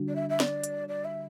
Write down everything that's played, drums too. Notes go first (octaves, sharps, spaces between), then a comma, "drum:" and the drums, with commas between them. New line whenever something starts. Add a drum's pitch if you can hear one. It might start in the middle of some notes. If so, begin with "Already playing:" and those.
Already playing: D3 G3 D4 F#4
D5
E5
E5
D5, drum: snare
drum: hi-hat
D5
E5